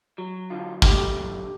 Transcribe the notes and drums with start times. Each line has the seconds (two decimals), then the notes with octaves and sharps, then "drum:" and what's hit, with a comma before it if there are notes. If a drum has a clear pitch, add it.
0.18 F#3
0.50 D3 F4
0.82 D3 G4, drum: kick
1.15 F#2